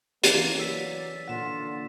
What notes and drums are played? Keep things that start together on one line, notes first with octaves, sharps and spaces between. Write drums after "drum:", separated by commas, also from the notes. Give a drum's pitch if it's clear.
E3 A#3 C#4, drum: hi-hat
F#3 D5 E6 B6
A#2 D3 F4 F#5 B6 E7